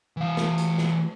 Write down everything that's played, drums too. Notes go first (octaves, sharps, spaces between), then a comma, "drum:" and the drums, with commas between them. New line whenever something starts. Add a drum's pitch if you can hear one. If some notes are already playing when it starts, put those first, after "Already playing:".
E3 F5
drum: snare
drum: hi-hat
drum: snare